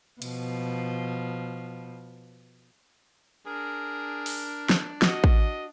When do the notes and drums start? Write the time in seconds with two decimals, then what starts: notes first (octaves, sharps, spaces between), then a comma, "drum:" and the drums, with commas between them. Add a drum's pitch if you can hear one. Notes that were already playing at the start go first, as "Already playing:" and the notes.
0.22 B2 F3, drum: cymbal
3.47 D4 G#4 A#4
4.26 drum: open hi-hat
4.69 drum: snare
5.02 F#4 D#5, drum: snare
5.24 drum: kick A1